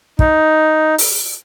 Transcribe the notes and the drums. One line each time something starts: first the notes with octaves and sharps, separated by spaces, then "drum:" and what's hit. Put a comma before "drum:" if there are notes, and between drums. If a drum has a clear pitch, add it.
D#4, drum: kick
drum: open hi-hat